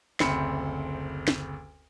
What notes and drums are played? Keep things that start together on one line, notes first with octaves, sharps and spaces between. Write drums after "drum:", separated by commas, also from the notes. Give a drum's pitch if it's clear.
F#1 D2 C4 B5 C#7, drum: snare
drum: snare